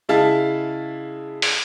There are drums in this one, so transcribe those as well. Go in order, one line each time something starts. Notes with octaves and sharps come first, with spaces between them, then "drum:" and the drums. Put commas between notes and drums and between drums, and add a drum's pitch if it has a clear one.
C#3 G#3 E4 F5 A5
drum: open hi-hat